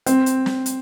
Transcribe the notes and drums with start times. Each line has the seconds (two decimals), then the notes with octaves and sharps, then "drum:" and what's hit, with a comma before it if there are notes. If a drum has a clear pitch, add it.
0.06 C4, drum: hi-hat
0.26 drum: hi-hat
0.46 drum: snare
0.66 drum: hi-hat